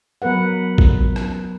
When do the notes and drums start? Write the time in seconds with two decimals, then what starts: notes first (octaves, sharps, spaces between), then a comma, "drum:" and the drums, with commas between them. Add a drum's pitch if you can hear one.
0.22 F#3 B3 A#4 B4 F#5
0.78 drum: kick
1.16 drum: rim click